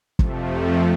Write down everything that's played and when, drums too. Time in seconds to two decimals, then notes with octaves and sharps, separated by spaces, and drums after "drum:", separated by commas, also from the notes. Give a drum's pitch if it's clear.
0.19 F2 C3 F3 A3, drum: kick